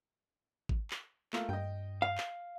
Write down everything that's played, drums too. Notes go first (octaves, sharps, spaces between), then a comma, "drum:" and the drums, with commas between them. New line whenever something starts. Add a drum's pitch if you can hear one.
drum: kick G#1
drum: clap
A3 A#3 F4, drum: clap
G2 D#5 G5
F5
drum: clap